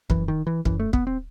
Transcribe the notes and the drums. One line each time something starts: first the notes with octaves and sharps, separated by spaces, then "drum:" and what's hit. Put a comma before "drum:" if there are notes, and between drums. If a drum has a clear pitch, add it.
F#2 E3, drum: kick
D#3
E3
F#2 E3, drum: kick
A3
B3, drum: kick
C4